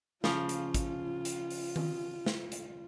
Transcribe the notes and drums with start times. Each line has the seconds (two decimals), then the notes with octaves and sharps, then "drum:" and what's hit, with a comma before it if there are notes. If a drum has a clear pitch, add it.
0.24 C#3 F3 F4, drum: snare
0.49 drum: hi-hat
0.74 drum: kick, hi-hat
1.25 drum: hi-hat
1.50 drum: open hi-hat
1.76 drum: tom D#3
2.26 drum: snare
2.52 drum: hi-hat